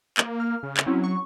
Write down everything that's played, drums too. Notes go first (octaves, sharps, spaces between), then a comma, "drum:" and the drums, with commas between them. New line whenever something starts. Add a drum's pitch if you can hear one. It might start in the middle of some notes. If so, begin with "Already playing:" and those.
A#3, drum: clap
F6
C#3
drum: clap
F#3 C4 C#4 E4
C#6